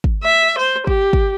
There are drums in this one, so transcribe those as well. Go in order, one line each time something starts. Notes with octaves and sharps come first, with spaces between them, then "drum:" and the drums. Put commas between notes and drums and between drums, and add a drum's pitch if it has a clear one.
drum: kick
E5
C5
G4, drum: kick
drum: kick